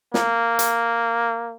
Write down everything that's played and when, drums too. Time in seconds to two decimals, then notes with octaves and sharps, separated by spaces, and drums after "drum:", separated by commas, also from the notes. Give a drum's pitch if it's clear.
0.14 A#3, drum: snare
0.59 drum: hi-hat